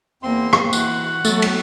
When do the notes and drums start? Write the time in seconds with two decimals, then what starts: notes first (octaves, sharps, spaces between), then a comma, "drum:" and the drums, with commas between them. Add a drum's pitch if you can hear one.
0.23 E2 A#3 C4 C6
0.53 drum: rim click
0.73 E3 F#4 F#5, drum: tambourine
1.25 F#3 A3 B3, drum: tambourine
1.42 drum: cymbal